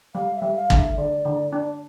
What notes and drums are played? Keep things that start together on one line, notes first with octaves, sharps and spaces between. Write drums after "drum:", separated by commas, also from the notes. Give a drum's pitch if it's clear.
G3 F5
E5
G3
F5
D3, drum: kick
E5
D3 D5
D3
D4